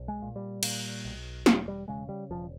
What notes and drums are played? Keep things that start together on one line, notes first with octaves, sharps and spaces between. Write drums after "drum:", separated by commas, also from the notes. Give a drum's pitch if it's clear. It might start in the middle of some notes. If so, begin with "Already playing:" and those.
Already playing: B1
G#3
A#2
G3
A#2, drum: cymbal
B1
E1 F#3, drum: snare
G3
C#3 G#3
G3
E1 F3